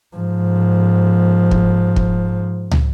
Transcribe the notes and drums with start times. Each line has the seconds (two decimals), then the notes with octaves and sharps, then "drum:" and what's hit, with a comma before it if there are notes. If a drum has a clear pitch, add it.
0.16 G#2 F3
1.51 drum: kick
1.96 drum: kick
2.71 drum: tom